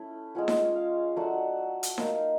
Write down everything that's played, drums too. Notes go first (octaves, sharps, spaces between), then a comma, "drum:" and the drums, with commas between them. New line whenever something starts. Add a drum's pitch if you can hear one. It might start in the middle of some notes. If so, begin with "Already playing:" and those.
Already playing: A3 C#4 E4
G#3 C#4 F4 F#5
drum: snare D#4
F5
F#3 A3 D4 F#5
drum: hi-hat
A#3 D#4 F5, drum: snare D#4